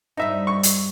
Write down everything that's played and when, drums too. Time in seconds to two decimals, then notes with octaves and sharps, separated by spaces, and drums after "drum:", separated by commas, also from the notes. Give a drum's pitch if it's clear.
0.17 G2 G3 C4 D#4 E5
0.47 C#6
0.63 drum: hi-hat